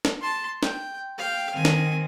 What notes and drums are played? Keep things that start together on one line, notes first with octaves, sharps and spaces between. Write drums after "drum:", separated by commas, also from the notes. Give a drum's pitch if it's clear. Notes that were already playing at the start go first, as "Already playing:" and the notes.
drum: snare
A5 C6
G5, drum: snare
F5 G5
D#3 C4 G#5
drum: snare